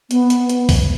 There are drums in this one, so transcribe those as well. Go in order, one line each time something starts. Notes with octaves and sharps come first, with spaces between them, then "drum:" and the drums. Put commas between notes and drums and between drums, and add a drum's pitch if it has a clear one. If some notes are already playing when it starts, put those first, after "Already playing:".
B3, drum: hi-hat
drum: hi-hat
drum: hi-hat
drum: kick B1, open hi-hat